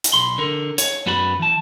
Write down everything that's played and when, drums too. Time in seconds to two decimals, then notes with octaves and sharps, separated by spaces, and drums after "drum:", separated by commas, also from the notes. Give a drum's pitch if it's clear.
0.04 drum: hi-hat
0.13 B1 B5 C6
0.38 D3 A#4
0.78 C#5, drum: hi-hat
1.06 F#2 B3 F#4 D5 B5
1.40 E3 A5